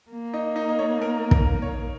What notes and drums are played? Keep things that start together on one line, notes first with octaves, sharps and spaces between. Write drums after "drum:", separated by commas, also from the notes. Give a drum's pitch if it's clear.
A#3
D#4 D#5
D#4 D#5
D#5
C#5
A#4
A#4, drum: kick
C#5